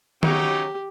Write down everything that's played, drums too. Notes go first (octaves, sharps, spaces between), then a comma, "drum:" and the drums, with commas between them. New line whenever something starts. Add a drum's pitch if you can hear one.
C#3 F#3 D#4 G4, drum: tom D#3